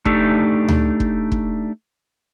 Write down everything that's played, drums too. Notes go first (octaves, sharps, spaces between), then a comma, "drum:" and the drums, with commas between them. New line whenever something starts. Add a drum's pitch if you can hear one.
A3 D4 D#4 G4 A4, drum: kick
drum: tom D2
drum: kick
drum: kick